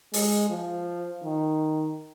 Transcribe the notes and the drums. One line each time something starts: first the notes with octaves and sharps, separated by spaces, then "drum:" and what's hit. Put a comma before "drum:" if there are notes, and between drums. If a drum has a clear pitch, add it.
G#3, drum: open hi-hat
F3
D#3